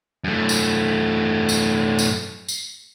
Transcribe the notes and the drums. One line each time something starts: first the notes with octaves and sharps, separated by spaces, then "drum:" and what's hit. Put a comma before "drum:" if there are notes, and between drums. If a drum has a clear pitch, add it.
F#2 A3
drum: tambourine
drum: tambourine
drum: tambourine
drum: tambourine